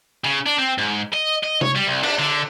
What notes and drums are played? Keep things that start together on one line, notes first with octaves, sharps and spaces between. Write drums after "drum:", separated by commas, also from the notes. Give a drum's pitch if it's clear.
C#3
D4
C4
G#2
D#5
D#5
C#5, drum: tom C3
G3
C2
D4, drum: cymbal
D3